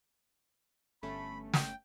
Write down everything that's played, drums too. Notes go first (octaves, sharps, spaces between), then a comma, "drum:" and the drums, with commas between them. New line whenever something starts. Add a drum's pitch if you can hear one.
G1 A3 C#4 B5
G5, drum: snare